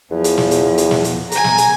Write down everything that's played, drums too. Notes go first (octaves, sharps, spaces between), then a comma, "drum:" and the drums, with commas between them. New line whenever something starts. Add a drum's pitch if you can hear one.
E2 F3
drum: hi-hat
drum: snare
drum: hi-hat
drum: hi-hat
drum: snare
drum: hi-hat
G#5 A#5, drum: hi-hat
drum: snare
drum: hi-hat